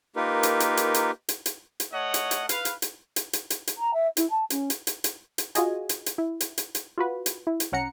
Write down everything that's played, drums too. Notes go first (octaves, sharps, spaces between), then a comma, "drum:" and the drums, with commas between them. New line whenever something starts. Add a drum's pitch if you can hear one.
A#3 D#4 F4 G4 A#4 B4
drum: hi-hat
drum: hi-hat
drum: hi-hat
drum: hi-hat
drum: hi-hat
drum: hi-hat
drum: hi-hat
A3 C#5 D#5 F#5
drum: hi-hat
drum: hi-hat
B4 F5, drum: hi-hat
drum: hi-hat
drum: hi-hat
drum: hi-hat
drum: hi-hat
drum: hi-hat
drum: hi-hat
A#5
E5
E4, drum: hi-hat
A5
C#4, drum: hi-hat
drum: hi-hat
drum: hi-hat
drum: hi-hat
drum: hi-hat
F4 F#4 G#4 D#5 G#5, drum: hi-hat
drum: hi-hat
drum: hi-hat
E4
drum: hi-hat
drum: hi-hat
drum: hi-hat
F4 F#4 B4
drum: hi-hat
E4
drum: hi-hat
C2 C#4 F#5 A#5 C#7